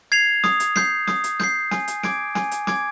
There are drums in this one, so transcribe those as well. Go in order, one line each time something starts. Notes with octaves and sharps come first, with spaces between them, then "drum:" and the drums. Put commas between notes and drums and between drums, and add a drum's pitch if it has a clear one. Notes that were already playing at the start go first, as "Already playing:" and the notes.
G#6 C7 F7
D#6, drum: snare
drum: hi-hat
G6 C7, drum: snare
D#6, drum: snare
drum: hi-hat
G6 C7, drum: snare
G#5, drum: snare
drum: hi-hat
D6 G#6 D7, drum: snare
G#5, drum: snare
drum: hi-hat
D6 G#6 D7, drum: snare